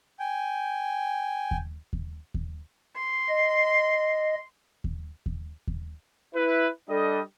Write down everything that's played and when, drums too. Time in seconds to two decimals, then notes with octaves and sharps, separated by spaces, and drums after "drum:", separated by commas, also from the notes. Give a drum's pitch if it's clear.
0.19 G5 G#5
1.51 drum: kick D#2
1.93 drum: kick D#2
2.34 drum: kick D#2
2.97 C6
3.28 D#5
4.84 drum: kick D#2
5.26 drum: kick D#2
5.67 drum: kick D#2
6.34 E4 B4
6.89 G3 D4 A4 D#5